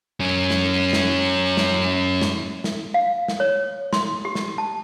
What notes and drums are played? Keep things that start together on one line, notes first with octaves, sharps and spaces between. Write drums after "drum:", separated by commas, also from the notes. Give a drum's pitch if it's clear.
F#2 C#4
drum: snare
drum: snare
drum: snare
drum: snare
drum: snare
F5
drum: snare
C#5
C6, drum: snare
G4
drum: snare
A5